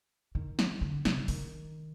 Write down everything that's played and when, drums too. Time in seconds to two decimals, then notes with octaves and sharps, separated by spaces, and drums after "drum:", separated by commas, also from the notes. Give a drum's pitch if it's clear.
0.35 D#3
0.59 drum: snare
0.81 D3
1.05 C3, drum: snare
1.28 D#3, drum: open hi-hat